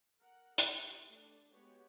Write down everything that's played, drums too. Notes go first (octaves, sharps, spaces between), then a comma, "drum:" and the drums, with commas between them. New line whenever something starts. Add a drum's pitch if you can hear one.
A#4 F#5
E3 G4 D#5, drum: hi-hat
A3 D4
G#3 B3 F#4 G4 B4 C#5